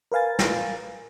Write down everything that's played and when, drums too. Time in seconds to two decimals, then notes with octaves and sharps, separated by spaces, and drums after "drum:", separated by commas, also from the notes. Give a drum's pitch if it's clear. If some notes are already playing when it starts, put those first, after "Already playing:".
0.12 A#4 B4 F5 G#5 A6
0.39 drum: snare